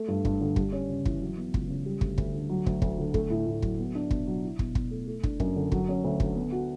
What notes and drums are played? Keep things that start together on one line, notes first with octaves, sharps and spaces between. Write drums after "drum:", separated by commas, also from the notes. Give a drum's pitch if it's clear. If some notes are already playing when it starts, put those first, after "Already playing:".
Already playing: A3
G2
G2, drum: kick
D3
G3, drum: kick
C#4
C#3
E3, drum: kick
F#3
B3
C#2, drum: kick
C#3
G3
D2, drum: kick
D2, drum: kick
D3
F#3
D2, drum: kick
D2, drum: kick
D3
A3, drum: kick
A2
A2
F#3, drum: kick
B3
D4
B2, drum: kick
F#3
E4
B2, drum: kick
B2, drum: kick
A3
A3
D4, drum: kick
F#2, drum: kick
D3
F#3, drum: kick
C#4
D2
D3, drum: kick
B3
F#4